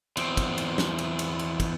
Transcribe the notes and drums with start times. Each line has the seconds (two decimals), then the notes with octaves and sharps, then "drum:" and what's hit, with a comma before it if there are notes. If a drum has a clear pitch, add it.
0.17 E2 C4, drum: cymbal
0.37 drum: kick, cymbal
0.58 drum: cymbal
0.78 drum: snare
0.99 drum: cymbal
1.19 drum: cymbal
1.39 drum: cymbal
1.60 drum: kick, cymbal